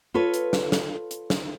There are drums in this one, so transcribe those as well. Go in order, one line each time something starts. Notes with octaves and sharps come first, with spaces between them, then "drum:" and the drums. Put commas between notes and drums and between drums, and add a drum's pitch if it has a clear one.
F4 A4 B4 C#5
drum: hi-hat
drum: snare
drum: snare
drum: hi-hat
drum: snare